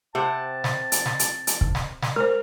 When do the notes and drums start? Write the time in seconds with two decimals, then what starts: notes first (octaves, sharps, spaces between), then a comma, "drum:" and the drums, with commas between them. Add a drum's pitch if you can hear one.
0.15 C3 C4 F#5 A5
0.64 drum: snare
0.92 drum: hi-hat
1.06 drum: snare
1.19 drum: hi-hat
1.47 drum: hi-hat
1.61 drum: kick
1.75 drum: snare
2.02 drum: snare
2.16 G#3 A#4 C5 F6